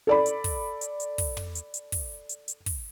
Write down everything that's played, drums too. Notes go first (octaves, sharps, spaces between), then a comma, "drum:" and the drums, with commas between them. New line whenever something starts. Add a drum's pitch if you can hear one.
A4 D5 B5
drum: hi-hat
drum: kick, open hi-hat
drum: hi-hat
drum: hi-hat
drum: kick, open hi-hat
drum: tom
drum: hi-hat
drum: hi-hat
drum: kick, open hi-hat
drum: hi-hat
drum: hi-hat
drum: kick, open hi-hat